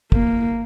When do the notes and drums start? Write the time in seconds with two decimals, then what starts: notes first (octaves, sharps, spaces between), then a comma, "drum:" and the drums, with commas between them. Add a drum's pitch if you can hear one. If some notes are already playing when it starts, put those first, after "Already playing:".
0.12 A#3, drum: kick